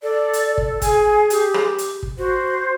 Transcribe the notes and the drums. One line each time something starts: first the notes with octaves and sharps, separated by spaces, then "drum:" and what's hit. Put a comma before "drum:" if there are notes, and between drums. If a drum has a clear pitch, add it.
A4 D5
drum: hi-hat
drum: kick
G#4 G#5, drum: kick, hi-hat
G4, drum: hi-hat
drum: rim click
drum: hi-hat
drum: kick
F#4 C5